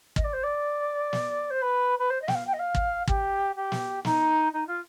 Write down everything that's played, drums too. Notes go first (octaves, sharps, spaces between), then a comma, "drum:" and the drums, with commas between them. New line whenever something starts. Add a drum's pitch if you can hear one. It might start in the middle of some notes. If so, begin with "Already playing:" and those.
D#5, drum: kick
D5
C5
D5
drum: snare
C5
B4
B4
C5
D#5
G5, drum: snare
F5
G5
D#5
F5
drum: kick
G4, drum: kick
G4
drum: snare
D#4, drum: snare
D#4
F4